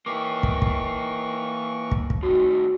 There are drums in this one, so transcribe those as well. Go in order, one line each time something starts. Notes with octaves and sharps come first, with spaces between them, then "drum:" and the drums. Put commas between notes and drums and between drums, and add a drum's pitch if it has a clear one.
E3 A#3 G4 C#6 D6
drum: kick
drum: kick
drum: kick
drum: kick
A2 D#3 F#4